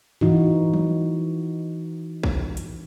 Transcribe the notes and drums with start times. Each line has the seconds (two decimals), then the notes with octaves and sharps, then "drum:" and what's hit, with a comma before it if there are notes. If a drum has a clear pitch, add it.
0.21 E3 D#4 F#4, drum: tom G2
0.74 drum: tom F3
2.23 drum: kick
2.57 drum: hi-hat